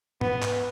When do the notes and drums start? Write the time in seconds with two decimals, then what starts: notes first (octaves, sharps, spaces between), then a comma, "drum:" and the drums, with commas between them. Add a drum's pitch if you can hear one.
0.21 B3, drum: tom G#2
0.42 drum: clap